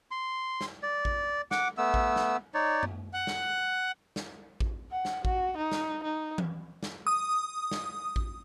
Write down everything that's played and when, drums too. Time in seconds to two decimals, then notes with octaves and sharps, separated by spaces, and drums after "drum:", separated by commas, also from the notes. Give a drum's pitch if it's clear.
0.11 C6
0.61 drum: snare
0.83 D5
1.05 drum: kick A1
1.51 F#5 D6, drum: snare
1.78 A3 B3 E6
1.94 drum: kick A1
2.16 drum: snare
2.54 D#4 C#5 D5
2.83 drum: tom F#2
3.14 F#5 F#6
3.27 drum: snare
4.16 drum: snare
4.60 drum: kick A1
4.91 F#5
5.05 drum: snare
5.25 F#4, drum: kick A1
5.58 D#4
5.72 drum: snare
6.03 D#4
6.38 drum: tom E3
6.83 drum: snare
7.07 D#6
7.71 drum: snare
8.16 drum: kick A1